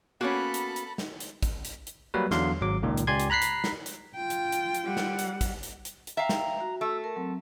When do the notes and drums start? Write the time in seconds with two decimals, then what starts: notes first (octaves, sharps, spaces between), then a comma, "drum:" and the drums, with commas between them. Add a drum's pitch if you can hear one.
0.21 A#3 B3 C#4 F#4 A4 B5
0.54 drum: hi-hat
0.76 drum: hi-hat
0.98 drum: snare
1.20 drum: hi-hat
1.43 drum: kick, hi-hat
1.65 drum: hi-hat
1.87 drum: hi-hat
2.14 F#3 G3 A#3 B4
2.31 E2 D3 F#3 F5 C6, drum: snare
2.61 G#1 F#3 D6
2.83 C#2 A#2 D#3
2.97 drum: hi-hat
3.07 C#2 G4 D5 G#5 C6 G#6
3.20 drum: hi-hat
3.30 A#5 B5 F#6 B6 C7
3.42 drum: hi-hat
3.64 drum: snare
3.86 drum: hi-hat
4.16 F4 G5
4.30 drum: hi-hat
4.52 drum: hi-hat
4.74 drum: hi-hat
4.84 G3 F#5
4.97 drum: snare
5.19 drum: hi-hat
5.41 drum: kick, hi-hat
5.63 drum: hi-hat
5.85 drum: hi-hat
6.07 drum: hi-hat
6.17 E5 F5 G5 A#5
6.29 drum: snare
6.60 F#4
6.81 A3 E6
7.04 A#4 A5
7.16 F#3 C4